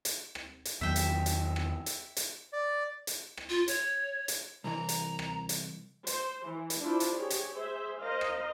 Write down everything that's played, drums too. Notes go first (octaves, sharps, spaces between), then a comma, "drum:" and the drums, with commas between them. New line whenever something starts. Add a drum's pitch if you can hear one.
drum: hi-hat
drum: rim click
drum: hi-hat
E2 D#3 F#3 E5 G5
drum: hi-hat
drum: hi-hat
drum: rim click
drum: hi-hat
drum: hi-hat
D5
drum: hi-hat
drum: rim click
F4
C#5, drum: hi-hat
drum: hi-hat
C2 E3 A#5
drum: hi-hat
drum: rim click
drum: hi-hat
C5, drum: hi-hat
E3
drum: hi-hat
D4 E4 F4 C5
drum: hi-hat
G4 G#4 C#5
drum: hi-hat
G#4 C5 E5
A#4 C5 D#5 F5
drum: rim click